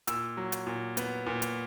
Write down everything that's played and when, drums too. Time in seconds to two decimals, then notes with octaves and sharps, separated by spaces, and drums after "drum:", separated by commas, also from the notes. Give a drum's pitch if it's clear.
0.07 A#2 E6, drum: hi-hat
0.37 F#3
0.52 drum: hi-hat
0.67 A#2
0.97 B3, drum: hi-hat
1.26 A#2
1.42 drum: hi-hat